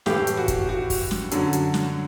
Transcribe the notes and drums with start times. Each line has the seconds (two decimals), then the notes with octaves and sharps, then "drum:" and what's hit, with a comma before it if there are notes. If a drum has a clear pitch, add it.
0.06 A2 E3 G4, drum: snare
0.27 drum: hi-hat
0.37 F#4
0.48 drum: kick, hi-hat
0.69 F#4
0.90 drum: kick, open hi-hat
1.11 drum: snare
1.31 F#2 D3 F#3, drum: hi-hat
1.53 drum: hi-hat
1.74 drum: snare